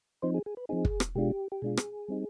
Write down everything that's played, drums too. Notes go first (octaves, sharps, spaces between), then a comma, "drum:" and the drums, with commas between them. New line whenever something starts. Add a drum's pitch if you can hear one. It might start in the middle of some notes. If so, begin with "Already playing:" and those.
F3 C4 D#4 C5
G#4
G#4
B4
F3 C4 D#4 G#4
drum: kick
drum: rim click
B2 G#3 D4 F4 G4
G4
B2 G#3 D4 F4 G#4
drum: rim click
G3 C4 D#4